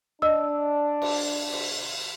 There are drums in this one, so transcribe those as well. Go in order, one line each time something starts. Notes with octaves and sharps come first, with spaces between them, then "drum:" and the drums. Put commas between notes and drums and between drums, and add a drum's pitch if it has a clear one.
D4 D#5 E6
drum: cymbal
drum: cymbal